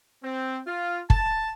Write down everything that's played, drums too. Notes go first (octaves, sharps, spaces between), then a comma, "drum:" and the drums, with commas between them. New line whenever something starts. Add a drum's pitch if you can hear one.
C4
F4
A5, drum: kick